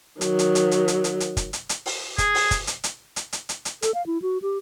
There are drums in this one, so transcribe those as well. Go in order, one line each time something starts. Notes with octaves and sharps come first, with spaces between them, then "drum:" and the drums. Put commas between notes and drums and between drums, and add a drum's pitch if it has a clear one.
D#3 F#3, drum: hi-hat
drum: hi-hat
drum: hi-hat
drum: hi-hat
drum: hi-hat
drum: hi-hat
drum: hi-hat
drum: kick, hi-hat
drum: hi-hat
drum: hi-hat
drum: open hi-hat
G#4, drum: kick, hi-hat
drum: open hi-hat
drum: kick, hi-hat
drum: hi-hat
drum: hi-hat
drum: hi-hat
drum: hi-hat
drum: hi-hat
drum: hi-hat
A4, drum: hi-hat
F5
E4
F#4
G4